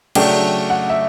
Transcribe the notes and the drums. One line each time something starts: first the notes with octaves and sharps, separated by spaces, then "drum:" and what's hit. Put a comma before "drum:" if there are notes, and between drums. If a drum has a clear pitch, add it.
C#3 F#3 A3 D4 G5, drum: cymbal
F#5
E5